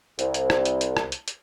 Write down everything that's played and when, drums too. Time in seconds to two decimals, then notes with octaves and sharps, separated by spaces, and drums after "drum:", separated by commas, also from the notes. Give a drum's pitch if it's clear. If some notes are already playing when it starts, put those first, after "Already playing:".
0.19 C2, drum: hi-hat
0.34 drum: hi-hat
0.50 drum: rim click
0.65 drum: hi-hat
0.81 drum: hi-hat
0.97 drum: rim click
1.12 drum: hi-hat
1.28 drum: hi-hat